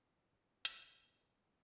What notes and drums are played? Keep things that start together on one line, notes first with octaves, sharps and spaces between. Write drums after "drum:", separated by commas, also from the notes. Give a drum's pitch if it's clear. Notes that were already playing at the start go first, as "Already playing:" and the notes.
Already playing: G4
drum: hi-hat
A4
C5